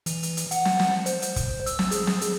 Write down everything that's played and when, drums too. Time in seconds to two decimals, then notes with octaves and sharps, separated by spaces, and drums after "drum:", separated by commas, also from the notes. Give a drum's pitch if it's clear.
0.06 E3, drum: hi-hat
0.23 drum: hi-hat
0.37 drum: hi-hat
0.51 F#5, drum: hi-hat
0.65 drum: snare
0.79 drum: snare
1.06 C5, drum: hi-hat
1.22 drum: hi-hat
1.36 drum: kick, hi-hat
1.66 E6, drum: hi-hat
1.79 drum: snare
1.91 G#4, drum: hi-hat
2.07 drum: snare
2.21 drum: hi-hat